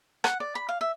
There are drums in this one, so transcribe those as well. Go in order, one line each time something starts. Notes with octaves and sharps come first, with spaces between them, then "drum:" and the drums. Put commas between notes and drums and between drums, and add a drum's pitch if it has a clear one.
F#5, drum: rim click
D5
B5
F5
E5